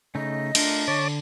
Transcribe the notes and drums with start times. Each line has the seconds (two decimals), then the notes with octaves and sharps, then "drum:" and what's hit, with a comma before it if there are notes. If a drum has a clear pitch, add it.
0.15 C#3 A3 D#4 D#5
0.55 A3 D4 F4 A#4, drum: cymbal
0.88 D3 C#5 A5 D6